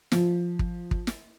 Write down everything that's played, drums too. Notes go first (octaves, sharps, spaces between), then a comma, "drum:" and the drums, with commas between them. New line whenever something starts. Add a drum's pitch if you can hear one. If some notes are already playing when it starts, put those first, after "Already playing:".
F3, drum: snare
drum: kick
drum: kick
drum: snare